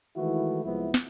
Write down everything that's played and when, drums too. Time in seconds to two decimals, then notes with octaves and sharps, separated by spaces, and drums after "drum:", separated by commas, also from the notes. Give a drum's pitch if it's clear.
0.16 D#3 E3 G#3 A3 E4 F#4
0.64 C2 F3 G#3 B3 E4
0.94 drum: snare